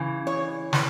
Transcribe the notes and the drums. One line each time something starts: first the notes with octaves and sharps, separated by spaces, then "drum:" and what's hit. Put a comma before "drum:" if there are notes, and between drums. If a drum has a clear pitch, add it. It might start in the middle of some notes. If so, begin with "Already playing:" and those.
Already playing: C#3 E3
C#5
B4, drum: snare